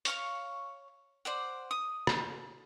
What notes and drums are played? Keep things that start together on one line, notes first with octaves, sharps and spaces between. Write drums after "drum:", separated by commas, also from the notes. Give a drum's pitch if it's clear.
C#5 F5 C#6, drum: hi-hat
C5 D5 F#5
D#6
drum: rim click